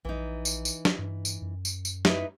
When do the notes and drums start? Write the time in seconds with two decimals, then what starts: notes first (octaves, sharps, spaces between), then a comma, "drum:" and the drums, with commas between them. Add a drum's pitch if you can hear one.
0.05 A#1 E3 D#4
0.45 drum: tambourine
0.65 drum: tambourine
0.85 drum: snare
0.98 G2
1.25 drum: tambourine
1.42 F#2
1.65 drum: tambourine
1.85 drum: tambourine
2.05 D#4 E4 B4, drum: snare